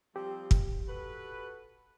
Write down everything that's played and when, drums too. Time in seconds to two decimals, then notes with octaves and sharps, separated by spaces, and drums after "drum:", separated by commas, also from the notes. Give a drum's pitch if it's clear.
0.16 F3 G3 C4 G4
0.51 drum: kick
0.87 F#4 A4 B4